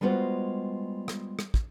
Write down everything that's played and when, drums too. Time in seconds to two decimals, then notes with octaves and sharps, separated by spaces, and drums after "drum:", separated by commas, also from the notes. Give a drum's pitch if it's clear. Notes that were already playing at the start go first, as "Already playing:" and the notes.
0.01 G3 G#3 B3 F4 F#4 C5
1.08 drum: rim click
1.39 drum: rim click
1.54 drum: kick